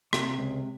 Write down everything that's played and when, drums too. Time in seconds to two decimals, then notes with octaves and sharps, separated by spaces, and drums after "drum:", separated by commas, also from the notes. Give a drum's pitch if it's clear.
0.13 C3, drum: rim click
0.38 C#2